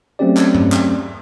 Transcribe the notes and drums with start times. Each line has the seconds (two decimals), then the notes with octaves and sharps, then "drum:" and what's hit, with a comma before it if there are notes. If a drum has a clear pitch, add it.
0.19 F#3 A3 C4 C#4 G4 D5
0.37 drum: clap
0.55 drum: tom G2
0.72 drum: clap